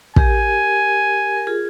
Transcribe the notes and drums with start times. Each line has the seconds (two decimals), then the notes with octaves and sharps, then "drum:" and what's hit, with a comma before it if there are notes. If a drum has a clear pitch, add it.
0.16 G4 A#4 G#5, drum: kick
1.36 A#4
1.47 F4 G#4